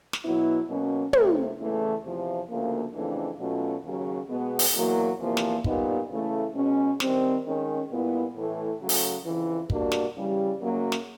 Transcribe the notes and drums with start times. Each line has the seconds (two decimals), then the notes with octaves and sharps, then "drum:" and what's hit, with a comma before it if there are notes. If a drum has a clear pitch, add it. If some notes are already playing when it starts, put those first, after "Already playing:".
0.13 drum: snare
0.23 B2 F#3 B3 E4
0.68 B2 F#3 A#3 C#4
1.13 C3 F3 A3, drum: tom
1.58 E2 C#3 E3 A3
2.04 E2 C3 F3
2.49 D2 C#3 F3 A#3
2.94 F2 C#3 E3 A3 D4
3.39 B2 F#3 A3 C#4 F4
3.84 D#2 C#3 F#3
4.29 B2 G#3 B3
4.59 drum: open hi-hat
4.74 E2 B2 F#3 A#3
5.19 E2 C3 F3 A#3
5.37 drum: snare
5.64 A#2 G3 B3 D#4, drum: kick
6.09 C#3 E3 A3
6.54 B2 G#3 C#4
7.00 D#3 G3 C4, drum: snare
7.44 D#3 G#3 C#4
7.90 A#2 G3 B3 E4
8.35 A2 E3 A3
8.79 C#3 F#3 A3
8.89 drum: open hi-hat
9.25 F2 C#3 E3
9.70 B2 G3 A#3 D4 F#4, drum: kick
9.92 drum: snare
10.15 C#3 E3 G3
10.60 F#2 C#3 F#3 A#3
10.92 drum: snare